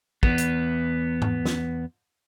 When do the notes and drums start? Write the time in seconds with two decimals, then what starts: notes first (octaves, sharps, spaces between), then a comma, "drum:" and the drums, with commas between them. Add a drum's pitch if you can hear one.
0.23 E2 B3, drum: kick
0.38 drum: hi-hat
1.22 drum: tom G#2
1.45 drum: snare